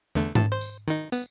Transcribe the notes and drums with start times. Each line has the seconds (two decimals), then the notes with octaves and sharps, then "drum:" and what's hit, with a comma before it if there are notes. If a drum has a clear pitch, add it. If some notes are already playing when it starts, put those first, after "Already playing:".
0.15 E2 D3 A3
0.35 A2 A5, drum: tom G#2
0.52 C5
0.61 drum: tambourine
0.88 D#3 D#4
1.12 B3, drum: tambourine